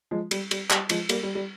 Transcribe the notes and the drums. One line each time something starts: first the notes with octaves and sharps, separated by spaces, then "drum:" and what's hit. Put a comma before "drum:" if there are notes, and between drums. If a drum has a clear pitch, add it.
F3 G#3
G3, drum: cymbal
G3, drum: cymbal
G3, drum: clap
F3 G#3, drum: cymbal
G3 A#3, drum: cymbal
G3
G3